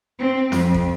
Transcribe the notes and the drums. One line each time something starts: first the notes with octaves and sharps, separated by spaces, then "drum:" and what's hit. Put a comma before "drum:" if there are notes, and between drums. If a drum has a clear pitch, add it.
C4
F2, drum: snare
drum: kick